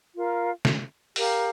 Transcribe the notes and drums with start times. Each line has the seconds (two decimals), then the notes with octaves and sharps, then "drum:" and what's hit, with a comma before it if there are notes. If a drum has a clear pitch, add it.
0.16 F4 A#4 F5
0.65 drum: snare
1.16 G4 A#4 F5, drum: open hi-hat